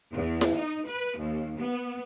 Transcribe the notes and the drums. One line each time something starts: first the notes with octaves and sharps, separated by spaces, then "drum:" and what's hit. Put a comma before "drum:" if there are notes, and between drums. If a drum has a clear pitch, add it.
E2
drum: snare E4
D#4
B4
D#2
B3